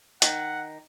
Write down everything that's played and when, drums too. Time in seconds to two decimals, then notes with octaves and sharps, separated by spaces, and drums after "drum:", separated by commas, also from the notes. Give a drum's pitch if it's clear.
0.22 D#3 F#5, drum: hi-hat